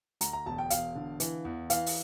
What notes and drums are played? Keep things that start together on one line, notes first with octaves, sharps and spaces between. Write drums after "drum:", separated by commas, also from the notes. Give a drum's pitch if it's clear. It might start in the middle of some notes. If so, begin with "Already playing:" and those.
D2 A#5, drum: hi-hat
A#5
E1 A5
G5
E1 F5, drum: hi-hat
D3
E3, drum: hi-hat
E2
E3 F5, drum: hi-hat
drum: open hi-hat